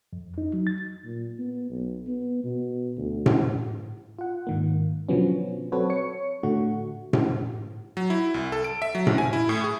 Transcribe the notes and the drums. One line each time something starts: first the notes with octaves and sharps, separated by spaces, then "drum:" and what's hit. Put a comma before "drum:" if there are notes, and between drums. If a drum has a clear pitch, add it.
F2
D#4
F#3
A6
A#2
B3
B1
B3
B2
D2
drum: tom A2
F4 F#5
G#2 D#3 A#3
B2 D3 F3 F#3 B3 C#4
F#3 C4 F#4 A4 B4 C#5
C#5 C#7
A2 D3 A3 F#4
drum: tom A2
F#3
E4
C2
A4
D7
E5
F#3
A1, drum: tom A2
G#5
E4
A2
G#4